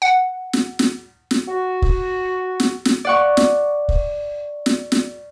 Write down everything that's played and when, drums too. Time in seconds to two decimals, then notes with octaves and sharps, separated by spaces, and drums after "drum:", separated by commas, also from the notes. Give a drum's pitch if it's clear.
0.02 F#5
0.53 drum: snare
0.79 drum: snare
1.31 drum: snare
1.48 F#4
1.82 drum: kick
2.60 drum: snare
2.85 drum: snare
3.05 D5 F#5 C#6
3.37 drum: snare
3.89 drum: kick
4.66 drum: snare
4.92 drum: snare